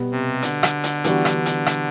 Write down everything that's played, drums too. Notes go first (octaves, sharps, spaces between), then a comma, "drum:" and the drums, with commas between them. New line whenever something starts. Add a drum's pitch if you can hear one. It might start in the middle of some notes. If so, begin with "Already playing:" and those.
Already playing: B2 G3 B3
C3
D3, drum: hi-hat
drum: rim click
drum: hi-hat
E3 G3 B3 D4 F#4, drum: hi-hat
drum: rim click
drum: hi-hat
drum: rim click